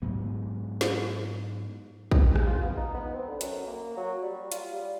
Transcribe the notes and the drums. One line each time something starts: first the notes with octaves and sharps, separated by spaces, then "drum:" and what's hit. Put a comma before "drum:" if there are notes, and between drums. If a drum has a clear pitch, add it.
G#2 F#3 B3
drum: snare
drum: kick
drum: rim click
F4
B3
D#4
B3
C4
D3
F#2, drum: hi-hat
A#3
F#3
G3
F4, drum: hi-hat
G3